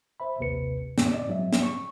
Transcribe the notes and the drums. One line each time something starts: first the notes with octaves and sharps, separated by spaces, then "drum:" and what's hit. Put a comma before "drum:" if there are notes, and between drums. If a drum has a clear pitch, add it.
C5 E5 B5
A#1 D#2 C3 B4 C#7
F#2 A#2 D3 C4 D#4, drum: snare
D5 D#5
G#2 F#3 C4 E5
drum: snare
C#6